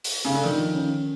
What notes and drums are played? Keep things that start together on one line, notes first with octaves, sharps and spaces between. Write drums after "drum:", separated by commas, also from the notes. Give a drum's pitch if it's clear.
drum: open hi-hat
C#3
D3
D#3 F3
C#4